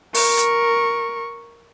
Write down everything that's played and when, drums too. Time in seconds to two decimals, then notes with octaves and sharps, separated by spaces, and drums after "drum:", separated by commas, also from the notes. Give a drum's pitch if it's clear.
0.14 A#4 C#6, drum: open hi-hat
0.37 drum: hi-hat